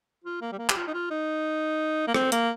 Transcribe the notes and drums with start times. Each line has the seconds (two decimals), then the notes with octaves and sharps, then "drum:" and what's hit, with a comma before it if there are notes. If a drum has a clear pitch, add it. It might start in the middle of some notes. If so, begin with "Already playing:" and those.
0.24 F4
0.41 A#3
0.52 G3
0.59 A#3
0.69 G4, drum: clap
0.77 F4
0.88 D#4
0.94 F4
1.11 D#4
2.08 A#3
2.14 C4, drum: rim click
2.32 A#3, drum: hi-hat